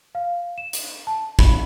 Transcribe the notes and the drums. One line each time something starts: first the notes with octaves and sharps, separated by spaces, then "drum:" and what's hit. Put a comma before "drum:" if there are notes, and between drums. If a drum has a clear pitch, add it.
F5
E7
drum: hi-hat
A5
B5, drum: kick